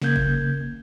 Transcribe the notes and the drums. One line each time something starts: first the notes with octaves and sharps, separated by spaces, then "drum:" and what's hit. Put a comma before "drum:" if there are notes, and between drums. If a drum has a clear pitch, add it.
C#3 A#3 G6 G#6, drum: snare
drum: kick F#1